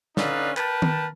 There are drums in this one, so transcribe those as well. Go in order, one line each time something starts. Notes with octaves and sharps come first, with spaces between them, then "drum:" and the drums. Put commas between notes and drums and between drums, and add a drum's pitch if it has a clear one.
D3 C#4 D#4 B4 D5 F5, drum: snare
A#4 B4 G5 A5, drum: clap
drum: tom D#3